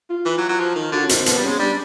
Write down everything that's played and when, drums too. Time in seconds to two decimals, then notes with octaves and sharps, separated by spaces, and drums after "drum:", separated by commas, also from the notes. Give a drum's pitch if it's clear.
0.10 F4
0.26 E3
0.38 F#3
0.49 F#3
0.60 F3
0.76 D#3
0.92 D3 F#4
1.04 C#4
1.09 D#3 C4, drum: hi-hat
1.26 F3 B3, drum: hi-hat
1.37 G3
1.44 G#3 C#4
1.59 G3 D4